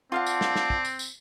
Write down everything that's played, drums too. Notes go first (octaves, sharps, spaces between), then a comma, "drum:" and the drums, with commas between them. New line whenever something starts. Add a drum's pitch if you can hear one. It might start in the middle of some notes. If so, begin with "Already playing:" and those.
C4 F4 D5 F5 F#5 A5
drum: tambourine
drum: snare
drum: snare
drum: kick
drum: tambourine
drum: tambourine